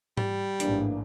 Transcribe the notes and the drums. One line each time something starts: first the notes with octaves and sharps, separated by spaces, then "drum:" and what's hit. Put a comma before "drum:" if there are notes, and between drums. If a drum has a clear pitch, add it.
G3, drum: tom G#2
A1 G#2 E3 A#3 D4, drum: hi-hat